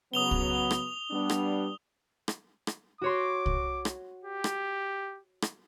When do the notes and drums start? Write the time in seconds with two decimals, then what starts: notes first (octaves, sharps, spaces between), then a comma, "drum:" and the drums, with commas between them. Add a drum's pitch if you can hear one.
0.13 C#3 F#3 B3 D#6 F7 G7
0.31 drum: kick C2
0.71 drum: rim click
1.11 G3 B3 D4
1.30 drum: rim click
2.28 drum: rim click
2.67 drum: rim click
3.01 F#4 C#5 C6 D6
3.46 drum: kick C2
3.85 drum: rim click
4.24 G4
4.44 drum: rim click
5.42 drum: rim click